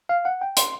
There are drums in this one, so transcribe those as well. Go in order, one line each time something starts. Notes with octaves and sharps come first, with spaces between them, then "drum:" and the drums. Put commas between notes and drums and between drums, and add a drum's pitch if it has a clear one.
F5
F#5
G5
C6, drum: hi-hat